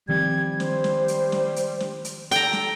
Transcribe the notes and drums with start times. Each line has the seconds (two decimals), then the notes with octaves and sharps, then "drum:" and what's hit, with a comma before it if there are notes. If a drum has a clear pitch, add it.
0.09 D#3 F3 G3 C4 G#6
0.60 C5, drum: snare
0.84 drum: snare
1.08 drum: hi-hat
1.32 drum: snare
1.56 drum: hi-hat
1.80 drum: snare
2.05 drum: hi-hat
2.31 A4 G5 A#5, drum: hi-hat
2.53 drum: snare